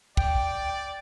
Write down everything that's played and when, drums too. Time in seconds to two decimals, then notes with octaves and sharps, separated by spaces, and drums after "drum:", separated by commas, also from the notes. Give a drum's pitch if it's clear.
0.17 D5 G5, drum: kick